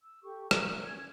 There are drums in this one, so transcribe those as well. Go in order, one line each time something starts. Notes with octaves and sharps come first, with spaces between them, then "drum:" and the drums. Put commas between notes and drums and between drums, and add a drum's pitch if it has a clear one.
E6
G4 A4 C#6
F#4 E5 A#5 F#6, drum: rim click
A#4
C#4 G#6